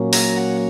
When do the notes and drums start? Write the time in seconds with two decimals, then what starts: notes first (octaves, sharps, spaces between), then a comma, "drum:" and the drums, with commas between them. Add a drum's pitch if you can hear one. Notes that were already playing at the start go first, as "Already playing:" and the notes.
Already playing: A#2 F#3 A#3 C#4
0.13 A#5, drum: open hi-hat
0.37 F#5